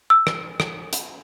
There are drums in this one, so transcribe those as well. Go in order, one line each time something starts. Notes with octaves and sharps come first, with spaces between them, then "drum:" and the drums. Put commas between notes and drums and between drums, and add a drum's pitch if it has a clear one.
E6
drum: rim click
drum: rim click
drum: hi-hat